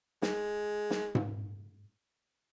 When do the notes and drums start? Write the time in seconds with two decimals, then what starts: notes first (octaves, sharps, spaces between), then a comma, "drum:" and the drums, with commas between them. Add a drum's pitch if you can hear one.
0.22 G#3, drum: snare
0.90 drum: snare
1.15 drum: tom G#2